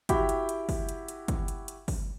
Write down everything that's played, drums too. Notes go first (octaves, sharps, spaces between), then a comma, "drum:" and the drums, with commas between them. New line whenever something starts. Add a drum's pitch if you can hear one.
E4 F#4 G4 G5 B5, drum: kick, hi-hat
drum: hi-hat
drum: hi-hat
drum: kick, open hi-hat
drum: hi-hat
drum: hi-hat
drum: kick, hi-hat
drum: hi-hat
drum: hi-hat
drum: kick, open hi-hat